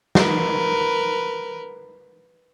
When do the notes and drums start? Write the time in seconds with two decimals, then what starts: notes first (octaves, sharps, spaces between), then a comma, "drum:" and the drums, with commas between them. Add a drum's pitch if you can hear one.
0.15 A#4 B4, drum: snare